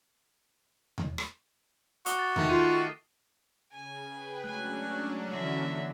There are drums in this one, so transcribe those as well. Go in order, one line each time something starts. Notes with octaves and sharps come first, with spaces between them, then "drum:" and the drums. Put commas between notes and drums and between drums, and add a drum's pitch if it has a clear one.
drum: tom E2
drum: rim click
F#4 D6 D#6 G7, drum: hi-hat
A6
D#3 A3, drum: tom E2
F4 C7 D#7
C#3 G#5
G#4 B4 G5
F#3 G#3 A3 C#4 D4 G#5 F#6
D3 E3 F#4 E5
A#3